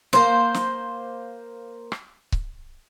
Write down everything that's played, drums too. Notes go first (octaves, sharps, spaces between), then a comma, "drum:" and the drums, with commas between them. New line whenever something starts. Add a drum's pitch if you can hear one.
A#3 C5, drum: snare
drum: snare
drum: rim click
drum: kick C#1